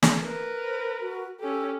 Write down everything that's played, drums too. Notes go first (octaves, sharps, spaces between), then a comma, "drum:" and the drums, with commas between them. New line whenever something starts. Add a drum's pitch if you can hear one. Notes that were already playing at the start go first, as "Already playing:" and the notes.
drum: snare
A#4 B4
C5
F#4
C#4 G4 A4